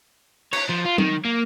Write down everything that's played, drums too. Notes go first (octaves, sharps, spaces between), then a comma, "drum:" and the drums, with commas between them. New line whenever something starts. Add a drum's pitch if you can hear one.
C#5, drum: cymbal
F3
F4
D#3, drum: tom
A#3